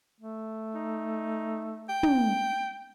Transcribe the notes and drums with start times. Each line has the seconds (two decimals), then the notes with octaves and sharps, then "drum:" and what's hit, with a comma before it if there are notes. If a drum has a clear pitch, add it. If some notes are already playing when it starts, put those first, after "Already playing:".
0.21 A3
0.74 D#4
1.89 G5
2.03 drum: tom